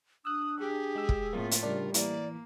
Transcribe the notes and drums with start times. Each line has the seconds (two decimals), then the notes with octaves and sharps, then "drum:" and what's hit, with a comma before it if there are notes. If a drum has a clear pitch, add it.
0.25 D4 D#6 E6 F#6
0.59 G4 G#4
0.95 G#3 E6
1.09 drum: kick
1.33 A2 A#3 C4 F4
1.51 drum: hi-hat
1.63 C#3 G3 D4 A#4
1.94 E3 A#3 D5, drum: hi-hat